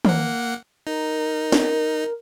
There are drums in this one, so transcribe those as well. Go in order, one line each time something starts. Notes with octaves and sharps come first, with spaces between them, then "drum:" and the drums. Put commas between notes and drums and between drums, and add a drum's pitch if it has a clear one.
A#3 F#5, drum: tom
D#4 A#4
drum: snare